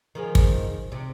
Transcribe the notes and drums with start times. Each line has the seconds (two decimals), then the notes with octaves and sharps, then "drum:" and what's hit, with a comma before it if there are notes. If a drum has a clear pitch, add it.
0.15 D#3 F3 G#3
0.35 drum: kick
0.92 C3